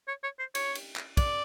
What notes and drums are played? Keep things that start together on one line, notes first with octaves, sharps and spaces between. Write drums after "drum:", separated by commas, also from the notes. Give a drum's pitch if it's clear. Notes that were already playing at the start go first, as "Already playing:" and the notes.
C#5
C#5
C5
C#5, drum: cymbal
drum: cymbal
drum: clap
D5, drum: kick, cymbal